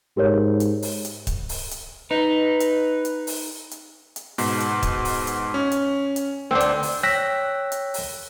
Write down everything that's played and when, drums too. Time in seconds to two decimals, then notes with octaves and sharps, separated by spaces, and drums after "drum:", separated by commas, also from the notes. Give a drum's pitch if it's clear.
0.17 G#2 G4 A#4 C#5
0.60 drum: hi-hat
0.82 drum: open hi-hat
1.05 drum: hi-hat
1.27 drum: kick, hi-hat
1.49 drum: open hi-hat
1.71 drum: hi-hat
2.11 D#4 B4
2.60 drum: hi-hat
3.05 drum: hi-hat
3.27 drum: open hi-hat
3.71 drum: hi-hat
4.16 drum: hi-hat
4.38 G#2 B2, drum: open hi-hat
4.60 drum: hi-hat
4.83 drum: kick, hi-hat
5.05 drum: open hi-hat
5.27 drum: hi-hat
5.54 C#4
5.72 drum: hi-hat
6.16 drum: hi-hat
6.51 D2 C4 D4
6.60 drum: hi-hat
6.83 drum: open hi-hat
7.03 C#5 G5 E6 F#6 A#6 B6
7.72 drum: hi-hat
7.94 drum: open hi-hat